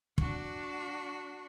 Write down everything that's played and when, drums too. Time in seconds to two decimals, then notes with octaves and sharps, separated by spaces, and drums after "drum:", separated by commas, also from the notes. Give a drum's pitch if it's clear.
0.18 D4 F#4, drum: kick